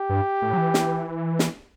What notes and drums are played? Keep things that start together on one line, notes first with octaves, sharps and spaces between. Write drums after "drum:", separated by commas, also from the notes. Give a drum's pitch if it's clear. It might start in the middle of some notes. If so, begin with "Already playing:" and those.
Already playing: G4
G2
A2
F#3
E3
drum: snare
drum: snare